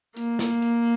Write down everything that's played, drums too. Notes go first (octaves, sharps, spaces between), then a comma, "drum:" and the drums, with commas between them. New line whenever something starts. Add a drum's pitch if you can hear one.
A#3, drum: hi-hat
drum: snare
drum: hi-hat